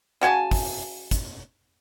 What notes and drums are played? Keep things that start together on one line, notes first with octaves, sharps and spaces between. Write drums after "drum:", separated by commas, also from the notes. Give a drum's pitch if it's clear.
C#3 F#4 G#5 A5
drum: kick, open hi-hat
drum: kick, hi-hat